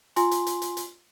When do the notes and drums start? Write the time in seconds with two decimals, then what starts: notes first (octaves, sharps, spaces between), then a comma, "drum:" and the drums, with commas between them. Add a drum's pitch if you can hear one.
0.16 F4 G#5 C6, drum: hi-hat
0.31 drum: hi-hat
0.47 drum: hi-hat
0.62 drum: hi-hat
0.77 drum: hi-hat